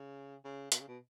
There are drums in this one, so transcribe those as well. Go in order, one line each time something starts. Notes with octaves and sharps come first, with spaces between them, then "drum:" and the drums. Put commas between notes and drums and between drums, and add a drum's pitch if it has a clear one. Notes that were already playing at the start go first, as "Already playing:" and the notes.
Already playing: C#3
C#3
B2, drum: hi-hat
C#3
B2